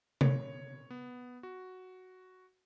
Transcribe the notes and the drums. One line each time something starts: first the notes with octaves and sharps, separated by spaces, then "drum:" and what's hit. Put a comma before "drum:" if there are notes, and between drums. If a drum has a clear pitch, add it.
C#5, drum: tom C3
B3
F#4